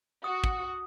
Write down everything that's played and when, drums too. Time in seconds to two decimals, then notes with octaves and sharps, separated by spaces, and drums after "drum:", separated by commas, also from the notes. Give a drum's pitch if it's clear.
0.24 F#4 D#6
0.44 drum: kick